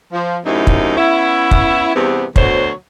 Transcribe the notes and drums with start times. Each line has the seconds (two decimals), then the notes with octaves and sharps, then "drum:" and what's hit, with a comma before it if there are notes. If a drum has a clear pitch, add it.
0.13 F3
0.45 F#2 A2 C3 D#4 E4
0.67 drum: kick
0.97 B3 C#4 E4
1.51 drum: kick
1.96 E2 G2 C3 B3 C4
2.36 D2 B2 F#3 C5 C#5, drum: kick